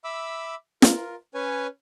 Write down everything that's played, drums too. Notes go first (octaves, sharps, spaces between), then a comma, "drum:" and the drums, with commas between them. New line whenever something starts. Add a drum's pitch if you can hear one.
E5 B5 D6 E6
F4 A#4, drum: snare
C#4 B4 C#5 G#5